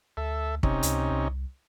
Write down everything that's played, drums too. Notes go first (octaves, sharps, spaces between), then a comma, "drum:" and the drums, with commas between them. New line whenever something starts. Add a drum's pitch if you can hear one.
D2 A4 E5
E1 C3 C#4 D#4, drum: kick
C#2, drum: hi-hat
C2